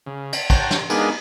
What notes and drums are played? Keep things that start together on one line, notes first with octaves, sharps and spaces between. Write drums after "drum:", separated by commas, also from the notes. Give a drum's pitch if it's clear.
C#3
drum: cymbal
C5 C#5 F#5 G5 A5 A#5, drum: kick, cymbal
drum: snare
G#3 A#3 B3 D4 D#4 G#4, drum: cymbal